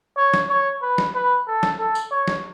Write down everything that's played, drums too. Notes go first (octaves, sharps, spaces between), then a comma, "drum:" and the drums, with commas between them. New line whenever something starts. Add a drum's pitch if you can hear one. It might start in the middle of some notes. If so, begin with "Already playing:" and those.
C#5
drum: snare F#3
C#5
B4
drum: snare F#3
B4
A4
drum: snare F#3
A4
drum: tambourine
C#5
drum: snare F#3